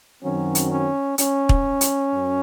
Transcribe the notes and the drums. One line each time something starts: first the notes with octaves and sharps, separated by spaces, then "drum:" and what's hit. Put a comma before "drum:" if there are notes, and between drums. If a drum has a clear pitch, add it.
F#2 D#3 F#3 C4 C#4
drum: hi-hat
C#4
C#4, drum: hi-hat
drum: kick
drum: hi-hat
F#2